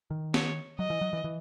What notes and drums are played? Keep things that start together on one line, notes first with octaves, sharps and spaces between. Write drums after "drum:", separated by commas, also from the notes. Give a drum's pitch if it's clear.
D#3
C#5, drum: snare
F#3 D#5
E3
F#3
E3
E3